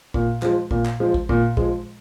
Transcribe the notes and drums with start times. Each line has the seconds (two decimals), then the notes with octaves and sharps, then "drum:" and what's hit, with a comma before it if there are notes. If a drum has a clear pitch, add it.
0.14 A#2, drum: kick
0.42 F3 G#3, drum: clap
0.71 A#2, drum: kick
0.86 drum: clap
1.00 F3 G#3
1.14 drum: kick
1.29 A#2, drum: kick
1.57 F3 G#3, drum: kick